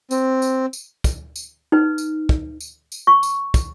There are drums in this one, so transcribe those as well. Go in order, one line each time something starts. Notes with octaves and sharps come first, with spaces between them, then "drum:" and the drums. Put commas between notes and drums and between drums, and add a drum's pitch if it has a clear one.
C4, drum: tambourine
drum: tambourine
drum: tambourine
drum: kick, tambourine
drum: tambourine
D#4 B4
drum: tambourine
drum: kick
drum: tambourine
drum: tambourine
C#6
drum: tambourine
drum: kick, tambourine